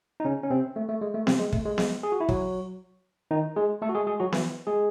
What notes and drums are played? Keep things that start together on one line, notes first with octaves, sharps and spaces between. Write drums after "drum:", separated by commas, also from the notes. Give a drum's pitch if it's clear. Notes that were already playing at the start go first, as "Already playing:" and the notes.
D#4
C#3 C#4
C#4
C3 C4
A3
A3
G#3
A3
C3 C4, drum: snare B3
G#3
A3, drum: kick
G#3
G#3, drum: snare B3
G#4
F#4
E4
F#3 F#4, drum: kick
D#3 D#4
G#3 G#4
A3 A4
F#4
G#3 G#4
G#3 G#4
F#3 F#4
E3 E4, drum: snare B3
G#3 G#4